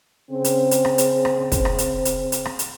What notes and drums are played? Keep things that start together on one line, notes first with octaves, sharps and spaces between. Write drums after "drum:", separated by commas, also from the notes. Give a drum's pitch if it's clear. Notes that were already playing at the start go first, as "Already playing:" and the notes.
C#3 C4
drum: hi-hat
drum: hi-hat
drum: rim click
drum: hi-hat
drum: rim click
drum: kick, hi-hat
drum: rim click
drum: hi-hat
drum: hi-hat
drum: hi-hat
drum: rim click
drum: hi-hat